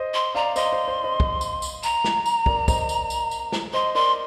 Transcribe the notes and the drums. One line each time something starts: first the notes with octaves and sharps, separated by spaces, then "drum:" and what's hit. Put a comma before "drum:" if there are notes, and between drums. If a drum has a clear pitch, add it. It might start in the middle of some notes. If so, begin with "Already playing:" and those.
Already playing: C5 D#5
C6
D5 F5 A#5
C5 D#5 C6, drum: tambourine
C5
C5
C5 D#5
drum: kick
drum: tambourine
drum: tambourine
A#5, drum: tambourine
drum: snare
drum: tambourine
A#4 D5, drum: kick
C5 D#5, drum: kick, tambourine
drum: tambourine
drum: tambourine
drum: tambourine
drum: snare
C5 D#5 C6
A#4 D5 C6